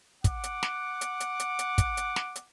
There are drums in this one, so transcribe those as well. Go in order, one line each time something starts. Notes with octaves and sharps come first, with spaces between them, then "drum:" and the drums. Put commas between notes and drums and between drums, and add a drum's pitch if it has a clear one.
F#5 D6, drum: kick, hi-hat
drum: hi-hat
drum: snare
drum: hi-hat
drum: hi-hat
drum: hi-hat
drum: hi-hat
drum: kick, hi-hat
drum: hi-hat
drum: snare
drum: hi-hat